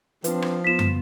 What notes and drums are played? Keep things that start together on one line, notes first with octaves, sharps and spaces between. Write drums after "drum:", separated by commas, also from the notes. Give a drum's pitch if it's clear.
F3 C4 D4 B4, drum: hi-hat
drum: rim click
B3 F4 B6 E7
drum: tom